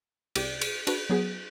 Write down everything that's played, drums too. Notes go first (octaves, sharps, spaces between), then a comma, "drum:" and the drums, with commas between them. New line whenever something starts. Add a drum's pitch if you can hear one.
C2 G4 D5, drum: cymbal
drum: cymbal
D4 F#4 B4, drum: cymbal
F#3 B3 G#4